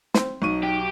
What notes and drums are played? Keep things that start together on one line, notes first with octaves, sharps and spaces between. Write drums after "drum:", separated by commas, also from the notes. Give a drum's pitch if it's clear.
C4 C5, drum: snare
B1 D#4 C#6 D#7
G4